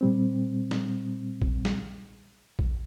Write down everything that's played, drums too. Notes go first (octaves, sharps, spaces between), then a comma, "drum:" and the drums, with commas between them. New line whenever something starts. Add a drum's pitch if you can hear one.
A#2 G3 C4
drum: snare
drum: kick A#1
drum: snare
drum: kick A#1